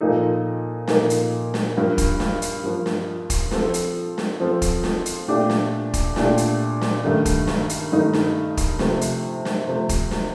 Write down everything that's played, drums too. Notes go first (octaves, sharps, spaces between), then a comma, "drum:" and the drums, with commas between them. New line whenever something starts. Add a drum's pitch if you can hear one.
A#2 F3 A#3 D#4 A4
A#2 F3 A#3 D#4 A4, drum: snare
drum: hi-hat
drum: snare
G2 F3 A#3
drum: kick, hi-hat
drum: snare
drum: hi-hat
G2 F3 A#3
drum: snare
drum: kick, hi-hat
F3 C4 F4 A4, drum: snare
drum: hi-hat
drum: snare
F3 C4 F4 A4
drum: kick, hi-hat
drum: snare
drum: hi-hat
A#2 A3 D4 G4
drum: snare
drum: kick, hi-hat
A#2 A3 D4 G4, drum: snare
drum: hi-hat
drum: snare
G2 D#3 A3 D#4
drum: kick, hi-hat
drum: snare
drum: hi-hat
G2 D#3 A3 D#4
drum: snare
drum: kick, hi-hat
C3 F3 A3 C4, drum: snare
drum: hi-hat
drum: snare
C3 F3 A3 C4
drum: kick, hi-hat
drum: snare